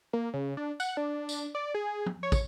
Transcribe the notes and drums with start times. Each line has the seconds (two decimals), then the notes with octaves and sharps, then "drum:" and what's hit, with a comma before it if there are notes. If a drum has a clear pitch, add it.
0.13 A#3
0.34 C#3
0.57 D4
0.80 F#5, drum: tambourine
0.97 D4
1.29 drum: tambourine
1.55 D5
1.74 G#4
2.06 drum: tom F3
2.23 C#5
2.32 drum: kick, tambourine